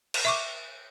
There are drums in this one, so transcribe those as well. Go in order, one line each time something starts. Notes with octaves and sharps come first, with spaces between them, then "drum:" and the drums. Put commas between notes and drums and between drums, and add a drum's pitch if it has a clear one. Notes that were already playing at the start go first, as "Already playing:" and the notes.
drum: cymbal
E5 C#6 D6